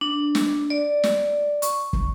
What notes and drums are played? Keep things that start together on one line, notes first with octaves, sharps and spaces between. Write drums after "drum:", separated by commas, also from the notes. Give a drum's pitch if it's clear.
D4
drum: snare
D5
drum: snare
C#6, drum: hi-hat
drum: kick